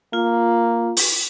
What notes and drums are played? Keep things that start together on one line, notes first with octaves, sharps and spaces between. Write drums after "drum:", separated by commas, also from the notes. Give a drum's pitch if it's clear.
A#3 F4
drum: open hi-hat